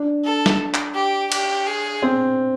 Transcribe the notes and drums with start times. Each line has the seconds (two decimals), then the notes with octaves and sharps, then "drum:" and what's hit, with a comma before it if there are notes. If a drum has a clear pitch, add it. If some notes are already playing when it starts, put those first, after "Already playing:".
Already playing: D4
0.25 A4
0.46 drum: snare
0.74 drum: clap
0.95 G4
1.32 G4, drum: cymbal
1.67 G#4
2.02 C4